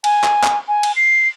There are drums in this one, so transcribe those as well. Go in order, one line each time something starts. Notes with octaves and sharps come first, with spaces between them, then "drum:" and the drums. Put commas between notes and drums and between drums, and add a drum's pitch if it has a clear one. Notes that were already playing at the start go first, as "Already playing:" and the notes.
G#5, drum: cymbal
drum: clap
drum: clap
G#5
drum: cymbal
C7